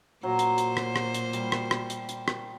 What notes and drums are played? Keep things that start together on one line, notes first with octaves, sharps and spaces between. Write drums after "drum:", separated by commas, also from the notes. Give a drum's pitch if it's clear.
A#2 F#3 C5
drum: hi-hat
drum: hi-hat
drum: rim click
drum: rim click
drum: hi-hat
G3, drum: hi-hat
drum: rim click
drum: rim click
drum: hi-hat
drum: hi-hat
drum: rim click